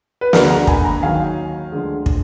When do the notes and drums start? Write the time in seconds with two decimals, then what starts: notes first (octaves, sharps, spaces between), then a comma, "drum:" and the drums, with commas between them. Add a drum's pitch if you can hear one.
0.21 B4
0.33 D2 D3 G#3 A#4 D5, drum: snare
0.50 F#5 A#5
0.67 G#5 B5, drum: kick
0.85 F#5 A#5
1.02 D#2 D#3 F#3 F5 G#5
1.72 D2 D3 F3 G#3
2.06 drum: kick